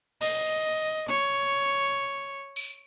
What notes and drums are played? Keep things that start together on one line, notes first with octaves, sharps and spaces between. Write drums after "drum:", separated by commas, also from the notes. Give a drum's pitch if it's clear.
D#5, drum: open hi-hat
C#5
drum: tambourine